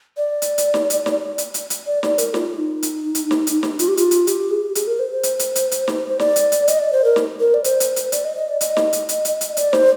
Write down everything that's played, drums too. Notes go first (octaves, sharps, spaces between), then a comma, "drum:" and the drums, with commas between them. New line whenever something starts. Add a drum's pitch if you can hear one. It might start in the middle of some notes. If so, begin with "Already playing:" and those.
D5
drum: hi-hat
drum: hi-hat
drum: snare
drum: hi-hat
drum: snare
drum: hi-hat
drum: hi-hat
drum: hi-hat
D5
D5, drum: snare
A#4, drum: hi-hat
F4, drum: snare
D#4
drum: hi-hat
drum: hi-hat
drum: snare
drum: hi-hat
drum: snare
F4, drum: hi-hat
G4
F4, drum: hi-hat
drum: hi-hat
G4, drum: hi-hat
G#4
G4
G#4, drum: hi-hat
A#4
C5
C5
drum: hi-hat
drum: hi-hat
drum: hi-hat
drum: hi-hat
drum: snare
C5
D5, drum: snare
drum: hi-hat
drum: hi-hat
D#5, drum: hi-hat
D5
C5
A#4
drum: snare
A#4
D5
C5, drum: hi-hat
drum: hi-hat
drum: hi-hat
D5, drum: hi-hat
D#5
D#5
D5
D#5, drum: hi-hat
drum: snare
drum: hi-hat
drum: hi-hat
drum: hi-hat
drum: hi-hat
D5, drum: hi-hat
C5, drum: snare